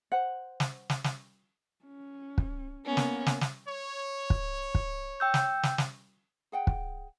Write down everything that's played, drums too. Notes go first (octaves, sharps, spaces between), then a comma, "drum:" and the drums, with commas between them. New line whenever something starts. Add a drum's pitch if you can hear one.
C5 F#5
drum: snare
drum: snare
drum: snare
C#4
drum: kick
A#3 B3 C#4
drum: snare
drum: snare
drum: snare
C#5
drum: kick
drum: kick
G5 E6 G6
drum: snare
drum: snare
drum: snare
G#4 F#5 G5
drum: kick